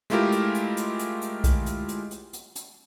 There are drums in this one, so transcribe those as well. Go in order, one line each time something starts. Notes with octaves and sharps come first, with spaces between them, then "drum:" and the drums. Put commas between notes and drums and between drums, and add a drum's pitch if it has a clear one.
G#3 A3 E4 F4 G4 A#4, drum: hi-hat
drum: hi-hat
drum: hi-hat
drum: hi-hat
drum: hi-hat
drum: hi-hat
drum: kick B1, hi-hat
drum: hi-hat
drum: hi-hat
drum: hi-hat
drum: hi-hat
drum: hi-hat